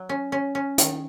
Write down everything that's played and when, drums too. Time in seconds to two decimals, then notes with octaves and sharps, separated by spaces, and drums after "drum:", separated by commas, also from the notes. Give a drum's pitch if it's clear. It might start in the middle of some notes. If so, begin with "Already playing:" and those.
Already playing: F#3
0.09 C#4
0.32 C#4
0.55 C#4
0.78 D#3, drum: hi-hat